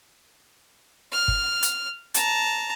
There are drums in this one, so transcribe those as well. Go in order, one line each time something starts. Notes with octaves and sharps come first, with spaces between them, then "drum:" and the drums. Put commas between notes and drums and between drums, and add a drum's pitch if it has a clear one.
F6
drum: kick G1
drum: hi-hat
A5 A#5, drum: hi-hat